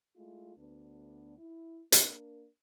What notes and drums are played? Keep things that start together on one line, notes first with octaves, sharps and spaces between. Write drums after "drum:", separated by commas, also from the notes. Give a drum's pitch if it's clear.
G#3 A3 E4 F4
D2 B3 D4
E4
A#3 D4 A#4, drum: hi-hat